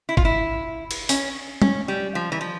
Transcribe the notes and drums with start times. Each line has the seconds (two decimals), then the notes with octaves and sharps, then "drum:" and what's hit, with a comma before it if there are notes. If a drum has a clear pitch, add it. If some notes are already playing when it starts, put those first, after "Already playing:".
0.09 E4
0.17 F4, drum: kick G1
0.25 E4
0.91 drum: cymbal
1.09 C#4, drum: open hi-hat
1.62 C#4, drum: tom G3
1.88 G3
2.15 F3
2.32 E3
2.41 F3